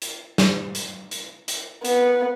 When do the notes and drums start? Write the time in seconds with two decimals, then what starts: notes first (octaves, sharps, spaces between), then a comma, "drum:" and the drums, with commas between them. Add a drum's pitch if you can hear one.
0.02 drum: hi-hat
0.38 drum: snare
0.75 drum: hi-hat
1.11 drum: hi-hat
1.48 drum: hi-hat
1.85 B3, drum: hi-hat